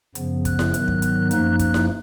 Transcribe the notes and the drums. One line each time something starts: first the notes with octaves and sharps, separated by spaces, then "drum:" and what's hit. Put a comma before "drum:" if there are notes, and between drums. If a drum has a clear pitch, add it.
F#2 C#3 F3 B3, drum: hi-hat
F#6, drum: kick, hi-hat
drum: snare E4
G#2 D#3 F#3 B3, drum: hi-hat
drum: kick
drum: hi-hat
F#2 F3 A#3 D#4 F#6, drum: hi-hat
F#6, drum: kick, hi-hat
drum: snare E4